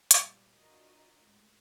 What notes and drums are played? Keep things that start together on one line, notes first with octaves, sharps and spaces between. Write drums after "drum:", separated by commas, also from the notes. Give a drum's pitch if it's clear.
A#2 F3 G3 B3, drum: hi-hat
D4 F4 F#4 A#4 D#5
C#2 A2